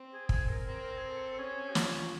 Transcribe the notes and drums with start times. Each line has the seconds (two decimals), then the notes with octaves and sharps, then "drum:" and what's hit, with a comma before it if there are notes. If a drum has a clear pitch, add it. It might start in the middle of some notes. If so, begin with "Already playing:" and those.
Already playing: C4
0.12 G#4
0.29 G#4, drum: kick
0.48 A#4
0.66 C4 A#4
0.97 G#4
1.02 A4
1.38 C#4 G#4
1.75 F4, drum: snare